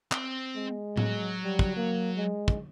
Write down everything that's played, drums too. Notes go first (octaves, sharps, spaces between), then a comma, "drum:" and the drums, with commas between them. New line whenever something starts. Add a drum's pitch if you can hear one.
C4, drum: clap
G#3
F#3, drum: tom A2
G3
drum: kick
A#3
G#3
drum: kick